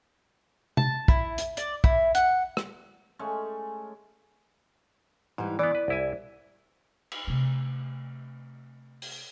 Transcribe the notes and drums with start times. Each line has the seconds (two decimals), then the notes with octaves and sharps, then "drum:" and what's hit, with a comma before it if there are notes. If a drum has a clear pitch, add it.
0.77 A5, drum: tom C3
1.08 E4, drum: kick
1.38 drum: hi-hat
1.57 D5, drum: hi-hat
1.84 E4, drum: kick
2.15 F#5, drum: hi-hat
2.57 drum: rim click
3.19 G#3 A3 C#4 C#6
5.38 G#2 E3 G3
5.59 E3 B3 D5
5.75 B4
5.88 C2 E4 G#5
7.12 drum: cymbal
7.27 C3 A3
9.02 drum: open hi-hat